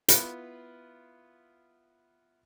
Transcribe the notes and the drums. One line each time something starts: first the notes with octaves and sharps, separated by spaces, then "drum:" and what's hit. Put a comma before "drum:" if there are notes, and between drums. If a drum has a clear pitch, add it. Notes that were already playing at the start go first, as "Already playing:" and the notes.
B3 E4 F4 B4, drum: hi-hat